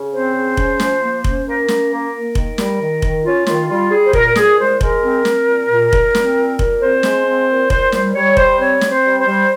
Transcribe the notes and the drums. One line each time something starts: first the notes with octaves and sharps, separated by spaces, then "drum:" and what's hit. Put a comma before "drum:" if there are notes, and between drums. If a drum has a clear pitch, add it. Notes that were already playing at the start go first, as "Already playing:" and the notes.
Already playing: C#3
C4 C5
C#3
C#4, drum: kick F1
F3, drum: snare
A#3
C#4, drum: kick F1
A#3 A#4
C#4, drum: snare
A#3
A#3
D#3, drum: kick F1
G3, drum: snare
D#3
D#3, drum: kick F1
C#4 F4
D#3 F4, drum: snare
G3 F4
G3 G#4
C5
A#2 A#4, drum: kick F1
A#2 G#4, drum: snare
G#3 C5
G#3 A#4, drum: kick F1
C4
C4, drum: snare
A#2
A#2
A#2, drum: kick F1
C4, drum: snare
A#2
A#2, drum: kick F1
C4 C5
G#3, drum: snare
C4
A#2
A#2 C5, drum: kick F1
G3 C5, drum: snare
G3 C#5
G3 C5, drum: kick F1
C4 C#5
C4, drum: snare
C5
G3
C5
G3